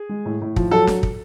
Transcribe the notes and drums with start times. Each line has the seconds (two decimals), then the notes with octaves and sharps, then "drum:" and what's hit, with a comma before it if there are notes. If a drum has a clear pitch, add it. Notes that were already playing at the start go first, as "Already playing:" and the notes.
Already playing: G#4
0.09 G#3
0.25 A2
0.41 A2
0.56 F3, drum: kick
0.71 F#3 A4
0.87 drum: snare
1.03 drum: kick